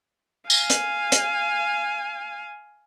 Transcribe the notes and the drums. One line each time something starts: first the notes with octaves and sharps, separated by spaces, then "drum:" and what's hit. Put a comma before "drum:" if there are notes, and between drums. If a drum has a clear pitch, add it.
F5 G#5, drum: tambourine
drum: hi-hat
drum: hi-hat